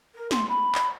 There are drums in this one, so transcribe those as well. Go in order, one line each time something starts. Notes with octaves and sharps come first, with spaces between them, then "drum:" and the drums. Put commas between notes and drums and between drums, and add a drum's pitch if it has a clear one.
A#4
C6, drum: snare
B5
drum: clap